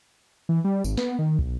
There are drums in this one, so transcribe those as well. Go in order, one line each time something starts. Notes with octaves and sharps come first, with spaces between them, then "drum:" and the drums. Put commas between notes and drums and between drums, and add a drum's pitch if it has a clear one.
E3
G3
G#1, drum: tambourine
B3, drum: snare
D#3
B1, drum: kick